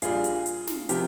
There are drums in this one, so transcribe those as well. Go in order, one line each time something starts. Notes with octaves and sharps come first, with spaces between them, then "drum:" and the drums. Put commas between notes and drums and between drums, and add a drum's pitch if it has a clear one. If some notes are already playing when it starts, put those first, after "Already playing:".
A#1 A#2 G3 F4 G#4, drum: hi-hat
drum: hi-hat
drum: hi-hat
drum: snare
C3 F3 G4 A#4, drum: hi-hat